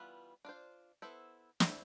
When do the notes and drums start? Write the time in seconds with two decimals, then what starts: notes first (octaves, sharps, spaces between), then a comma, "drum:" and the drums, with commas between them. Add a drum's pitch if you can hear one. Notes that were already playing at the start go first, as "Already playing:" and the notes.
Already playing: E3 G3 B3 F4 B4
0.45 D4 F4 C5
1.02 B3 E4 A4 C5
1.60 A3 C4 E4, drum: snare